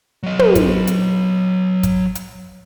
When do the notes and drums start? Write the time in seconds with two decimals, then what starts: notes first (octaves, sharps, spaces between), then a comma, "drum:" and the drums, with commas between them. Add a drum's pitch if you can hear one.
0.23 F#3 D#5
0.39 drum: tom
0.55 drum: kick, hi-hat
0.87 drum: hi-hat
1.83 drum: kick, hi-hat
2.15 drum: hi-hat